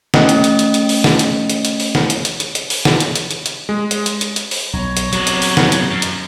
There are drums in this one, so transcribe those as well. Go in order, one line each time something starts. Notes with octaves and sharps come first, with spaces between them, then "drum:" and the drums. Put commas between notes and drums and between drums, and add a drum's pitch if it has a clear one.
A3 C#4 D#5 G5, drum: snare
drum: hi-hat
drum: hi-hat
drum: hi-hat
drum: hi-hat
drum: open hi-hat
drum: snare
drum: hi-hat
drum: hi-hat
drum: hi-hat
drum: open hi-hat
drum: snare
drum: hi-hat
drum: hi-hat
drum: hi-hat
drum: hi-hat
drum: open hi-hat
drum: snare
drum: hi-hat
drum: hi-hat
drum: hi-hat
drum: hi-hat
G#3
drum: hi-hat
drum: hi-hat
drum: hi-hat
drum: hi-hat
drum: open hi-hat
B1 C#5 A#5
drum: hi-hat
C3 F#3 B3, drum: hi-hat
drum: hi-hat
drum: open hi-hat
drum: snare
drum: hi-hat
F#2
drum: hi-hat